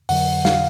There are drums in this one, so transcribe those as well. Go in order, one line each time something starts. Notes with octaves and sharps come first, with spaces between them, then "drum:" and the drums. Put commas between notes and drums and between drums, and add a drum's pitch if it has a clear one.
F2 D3 F#3 F#5, drum: open hi-hat
F5, drum: snare